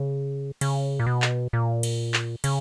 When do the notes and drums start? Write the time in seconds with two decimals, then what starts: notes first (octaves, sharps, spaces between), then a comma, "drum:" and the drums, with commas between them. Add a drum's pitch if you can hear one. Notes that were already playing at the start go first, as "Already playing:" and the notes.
Already playing: C#3
0.61 C#3, drum: cymbal
1.00 A#2
1.07 B2
1.22 drum: clap
1.53 A#2
1.83 drum: cymbal
2.14 drum: clap
2.44 C#3, drum: cymbal